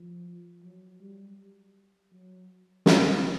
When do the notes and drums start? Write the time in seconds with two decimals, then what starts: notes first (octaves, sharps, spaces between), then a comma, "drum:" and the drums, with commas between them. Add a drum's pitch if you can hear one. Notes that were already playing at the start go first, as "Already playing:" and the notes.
Already playing: F3
0.63 F#3
1.00 G3
2.12 F#3
2.86 F#3, drum: snare